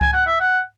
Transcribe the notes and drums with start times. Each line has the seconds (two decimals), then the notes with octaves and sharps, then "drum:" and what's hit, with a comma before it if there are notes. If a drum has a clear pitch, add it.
0.01 G#5, drum: kick C#2
0.13 F#5
0.27 E5
0.40 F#5